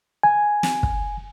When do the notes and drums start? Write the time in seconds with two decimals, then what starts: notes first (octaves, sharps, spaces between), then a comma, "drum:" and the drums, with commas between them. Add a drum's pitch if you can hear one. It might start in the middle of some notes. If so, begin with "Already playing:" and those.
0.23 G#5
0.63 drum: snare
0.83 drum: kick